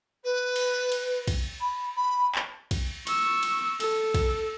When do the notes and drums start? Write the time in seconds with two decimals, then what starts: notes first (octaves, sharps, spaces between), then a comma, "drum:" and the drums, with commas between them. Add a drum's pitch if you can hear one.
0.24 B4
0.56 drum: cymbal
0.92 drum: cymbal
1.28 drum: kick, cymbal
1.60 B5
1.96 B5
2.35 drum: clap
2.71 drum: kick, cymbal
3.07 C#6 E6, drum: cymbal
3.43 drum: cymbal
3.80 A4, drum: cymbal
4.14 drum: kick, cymbal